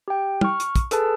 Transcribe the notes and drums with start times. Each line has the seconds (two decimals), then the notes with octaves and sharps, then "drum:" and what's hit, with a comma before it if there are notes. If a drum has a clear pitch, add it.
0.08 G4 G5
0.41 C#6 F6, drum: tom
0.60 drum: hi-hat
0.76 drum: kick, hi-hat
0.91 G#4 A4 B4 A5, drum: hi-hat